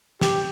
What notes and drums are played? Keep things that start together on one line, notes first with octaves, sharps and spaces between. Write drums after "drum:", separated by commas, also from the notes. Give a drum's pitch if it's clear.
G4, drum: snare